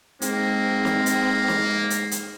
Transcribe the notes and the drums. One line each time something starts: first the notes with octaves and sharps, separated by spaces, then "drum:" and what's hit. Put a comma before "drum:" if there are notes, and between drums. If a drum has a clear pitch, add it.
G#2 A#3 C4, drum: hi-hat
drum: snare
drum: hi-hat
drum: snare
drum: hi-hat
drum: hi-hat